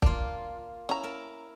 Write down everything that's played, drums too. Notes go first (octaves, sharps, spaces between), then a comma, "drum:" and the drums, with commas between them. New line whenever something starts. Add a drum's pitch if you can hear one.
A#3 D4 F4, drum: kick
C#4 E4 A#5
A#4 E5 A5